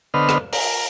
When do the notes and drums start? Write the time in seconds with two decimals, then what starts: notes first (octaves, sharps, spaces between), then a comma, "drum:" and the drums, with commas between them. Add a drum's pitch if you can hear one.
0.14 D3 B3 B4 C5 D#5 F6
0.29 drum: rim click
0.53 A#4, drum: open hi-hat